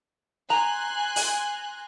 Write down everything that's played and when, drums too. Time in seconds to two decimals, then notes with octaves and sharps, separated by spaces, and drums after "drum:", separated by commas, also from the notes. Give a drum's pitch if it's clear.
0.50 G#5 A#5 C6 F#6
1.16 drum: open hi-hat